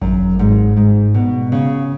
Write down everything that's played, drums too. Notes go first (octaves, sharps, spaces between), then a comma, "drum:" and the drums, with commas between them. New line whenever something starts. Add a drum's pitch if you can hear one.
F#2, drum: kick G#1
G#2
G#2
B2
C#3